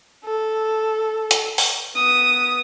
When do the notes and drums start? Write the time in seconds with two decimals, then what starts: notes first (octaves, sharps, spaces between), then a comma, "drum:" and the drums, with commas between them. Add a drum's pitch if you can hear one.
0.25 A4
1.31 drum: hi-hat
1.58 drum: open hi-hat
1.95 B3 D#6